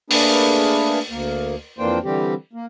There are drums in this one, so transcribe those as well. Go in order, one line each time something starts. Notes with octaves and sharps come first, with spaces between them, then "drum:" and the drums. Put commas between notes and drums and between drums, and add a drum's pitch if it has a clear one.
A3 A#3 D4 G#4 B4, drum: open hi-hat
D2 A#3
F2 E3 A#3 D4 C5 G5
D3 E3 G3 C4 G4
A#3